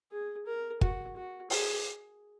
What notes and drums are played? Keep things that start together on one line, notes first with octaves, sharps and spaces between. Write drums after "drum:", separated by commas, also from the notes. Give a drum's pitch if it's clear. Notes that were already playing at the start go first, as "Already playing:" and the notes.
G#4
A#4
F#4, drum: kick
F#4
G#4, drum: open hi-hat